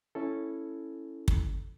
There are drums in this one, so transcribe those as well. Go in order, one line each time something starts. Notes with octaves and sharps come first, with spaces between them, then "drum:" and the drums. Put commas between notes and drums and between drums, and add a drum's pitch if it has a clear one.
C#4 E4 A4
drum: kick